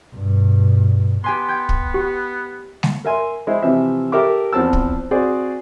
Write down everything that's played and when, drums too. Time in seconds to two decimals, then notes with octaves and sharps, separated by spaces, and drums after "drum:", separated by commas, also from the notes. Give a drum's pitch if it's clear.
0.15 G2 B2
1.24 B3 G4 G#5 C6
1.48 G5 G6 G#6
1.69 drum: kick
1.94 G4
2.83 drum: snare G#3
3.05 A#4 E5 G#5 C6
3.47 G#3 E4 C5
3.62 C3 E3 F3 C4 E5
4.12 G4 A4 A#4 E5 D6
4.53 E2 F3 C4 A5 E6
4.73 drum: kick
5.11 C4 F#4 G#4 C5 D5